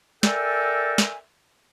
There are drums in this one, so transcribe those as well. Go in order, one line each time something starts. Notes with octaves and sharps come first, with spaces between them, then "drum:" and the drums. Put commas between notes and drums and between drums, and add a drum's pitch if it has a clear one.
A4 A#4 D5 E5 G5 G#5, drum: snare
drum: snare